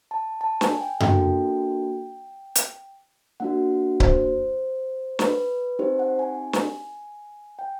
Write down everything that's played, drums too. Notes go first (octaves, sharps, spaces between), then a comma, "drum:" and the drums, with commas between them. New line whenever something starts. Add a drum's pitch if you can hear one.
A5
A5
G#5, drum: snare
G5
A#3 D4 F#4 A4 G5, drum: tom F#2
drum: hi-hat
A#3 D4 F#4 F#5
C5, drum: kick C#1
B4, drum: snare
C4 D#4 G4 C5
F#5
G#5
drum: snare
G5